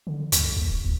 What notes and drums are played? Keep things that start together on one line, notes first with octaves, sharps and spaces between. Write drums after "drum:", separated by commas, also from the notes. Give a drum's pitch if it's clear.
D3
D#2, drum: hi-hat
C2
D#2
D1
D2